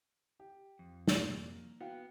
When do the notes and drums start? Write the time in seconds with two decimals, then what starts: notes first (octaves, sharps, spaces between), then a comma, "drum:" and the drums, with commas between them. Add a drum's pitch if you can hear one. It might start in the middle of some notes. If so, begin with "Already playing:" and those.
0.40 G4
0.79 F2
1.08 A#3, drum: snare
1.81 B3 F#4 F5 G5